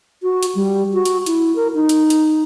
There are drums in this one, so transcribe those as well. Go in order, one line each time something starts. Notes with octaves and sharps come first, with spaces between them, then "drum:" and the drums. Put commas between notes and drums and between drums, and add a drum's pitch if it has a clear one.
F#4
drum: hi-hat
G3
F#4
drum: hi-hat
E4, drum: hi-hat
A#4
D#4
drum: hi-hat
drum: hi-hat